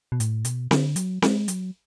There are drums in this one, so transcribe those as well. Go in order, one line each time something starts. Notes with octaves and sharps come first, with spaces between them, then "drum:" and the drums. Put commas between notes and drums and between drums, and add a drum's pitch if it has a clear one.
B2
A2, drum: hi-hat
B2, drum: hi-hat
D3, drum: snare C4
F#3, drum: hi-hat
G#3, drum: snare C4
F#3, drum: hi-hat